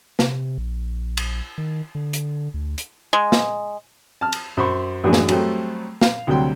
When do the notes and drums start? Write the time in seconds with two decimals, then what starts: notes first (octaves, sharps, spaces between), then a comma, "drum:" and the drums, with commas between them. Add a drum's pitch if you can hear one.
0.19 C3, drum: snare
0.58 A#1
1.17 drum: cymbal
1.58 D#3
1.95 D3
2.13 drum: hi-hat
2.54 D2
2.78 drum: hi-hat
3.13 G#3
3.32 drum: snare
4.21 A5 F6
4.32 drum: cymbal
4.57 F#2 C5 B5 C#6
5.04 F#2 A2 E3 F#3 D4 G#4
5.13 drum: snare
5.28 F#3 G3 A3 C4, drum: cymbal
6.01 F5, drum: snare
6.27 D2 C3 F#3 G3 G5 C6